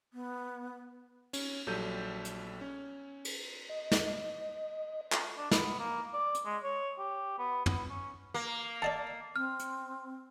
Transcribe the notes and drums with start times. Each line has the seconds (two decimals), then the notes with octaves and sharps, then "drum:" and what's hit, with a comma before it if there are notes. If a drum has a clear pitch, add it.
0.13 B3
1.33 C#4, drum: cymbal
1.67 A#1 F#3 G3 A4 G6 D#7
2.25 drum: hi-hat
2.61 C#4
3.25 drum: cymbal
3.69 D#5
3.92 drum: snare
5.12 drum: clap
5.38 D4
5.51 B3, drum: snare
5.79 A#3
6.14 D5
6.35 drum: hi-hat
6.46 G#3
6.64 C#5
6.99 G4
7.39 B3
7.66 B3, drum: tom
7.89 C#4
8.34 A#3
8.82 D5 D#5 F#5 A5
9.36 C4 F6
9.60 drum: hi-hat